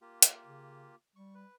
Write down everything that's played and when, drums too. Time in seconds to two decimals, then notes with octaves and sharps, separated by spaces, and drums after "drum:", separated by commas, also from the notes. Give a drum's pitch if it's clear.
0.01 A#3 F4 G4
0.22 drum: hi-hat
0.46 C#3
1.16 G3 C#6
1.35 B4